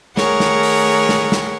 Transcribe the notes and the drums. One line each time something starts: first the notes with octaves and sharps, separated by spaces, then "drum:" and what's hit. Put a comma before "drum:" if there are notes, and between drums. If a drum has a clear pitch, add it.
D#3 A3 G#4 A#4 C#5 F#5, drum: snare
drum: snare
drum: open hi-hat
drum: snare
drum: snare